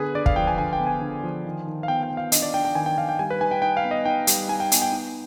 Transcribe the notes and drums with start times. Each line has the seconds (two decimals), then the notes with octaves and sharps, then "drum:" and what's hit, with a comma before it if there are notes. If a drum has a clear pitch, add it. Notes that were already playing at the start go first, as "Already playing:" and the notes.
Already playing: D3 B3 G#4 B4
0.15 D3 D5
0.26 F5, drum: kick
0.36 F3 G5
0.47 G#5
0.58 D3 G#5
0.73 G5
0.80 B3
0.87 G#5
1.01 D3
1.23 F3
1.45 D#3
1.67 D#3
1.83 F5
1.88 B3 G5
2.03 G5
2.11 B3
2.17 F5
2.32 D4 D#5, drum: hi-hat
2.42 D5
2.54 D4 G5
2.65 G5
2.75 D#3 G#5
2.86 G5
2.98 D#3 F5
3.09 G5
3.19 G3 G#5
3.30 B4
3.41 D#4 G#5
3.51 G5
3.62 D#4 G5
3.77 F5
3.85 B3
3.91 D#5
4.05 D#4 G5
4.27 G3, drum: hi-hat
4.49 D#4 G#5
4.60 G5
4.72 B3, drum: hi-hat
4.82 G5
4.92 D#4